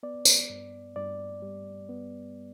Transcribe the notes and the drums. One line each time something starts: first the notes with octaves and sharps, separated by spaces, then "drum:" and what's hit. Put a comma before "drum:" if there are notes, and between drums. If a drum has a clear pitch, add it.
B3 D5
drum: tambourine
G2
G2 D5
G3
B3